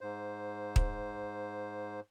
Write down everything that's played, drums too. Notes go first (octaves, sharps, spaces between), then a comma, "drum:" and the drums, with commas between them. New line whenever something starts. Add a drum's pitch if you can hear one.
G#2 C5
drum: kick